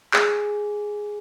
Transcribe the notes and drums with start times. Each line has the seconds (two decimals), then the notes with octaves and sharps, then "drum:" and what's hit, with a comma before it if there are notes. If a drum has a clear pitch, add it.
0.14 G#4, drum: clap